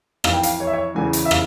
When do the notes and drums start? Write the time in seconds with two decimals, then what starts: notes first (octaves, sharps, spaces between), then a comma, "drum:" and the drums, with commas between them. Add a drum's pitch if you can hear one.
0.24 F2 E3 F5, drum: rim click
0.33 G5
0.43 F5, drum: hi-hat
0.60 C#5
0.67 E5
0.73 C#5
0.95 E2 C#3 E3 G#5
1.13 drum: hi-hat
1.25 E5
1.31 F5, drum: rim click